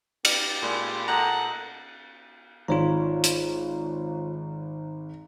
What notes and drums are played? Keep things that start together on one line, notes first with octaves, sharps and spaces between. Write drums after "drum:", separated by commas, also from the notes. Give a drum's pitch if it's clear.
B3 G4, drum: cymbal
A#2 G#3 A#3 E4
G4 A4 D#5 F#5 A#5
G#1 F4 C#5 A#5
drum: hi-hat